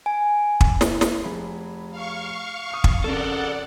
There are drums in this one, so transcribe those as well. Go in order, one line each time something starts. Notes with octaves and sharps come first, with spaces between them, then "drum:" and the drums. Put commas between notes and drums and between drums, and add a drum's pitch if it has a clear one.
G#5
drum: kick
drum: snare
drum: snare
F1 G#4 B5
F5 C#6
D#6 C7
drum: kick
F2 C#3 A4 A#4 D5 F#5